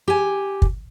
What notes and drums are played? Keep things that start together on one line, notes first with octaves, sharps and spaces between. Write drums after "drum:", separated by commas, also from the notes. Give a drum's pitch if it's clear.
G4 G#5
drum: kick